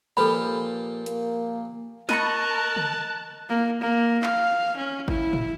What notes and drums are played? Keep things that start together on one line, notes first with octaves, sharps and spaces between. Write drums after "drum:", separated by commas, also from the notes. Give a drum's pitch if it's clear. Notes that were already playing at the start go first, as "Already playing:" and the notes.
A#2 F3 G4 A4 B4 B5
A#3, drum: hi-hat
A#4 D#5 A5 B5 C#6 F#6, drum: snare
drum: tom C#3
A#3
A#3
F5, drum: clap
C#4
E4, drum: kick G1
drum: tom A2